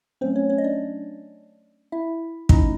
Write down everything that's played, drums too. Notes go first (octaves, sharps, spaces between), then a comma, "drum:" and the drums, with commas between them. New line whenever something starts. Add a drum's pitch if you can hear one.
F#3 A3 C4 C#4 C5
C#4 C#5
C#4 C#5
D#5
D4 D5
E4 E5
A3 C#4 D#4 E4 D#5, drum: kick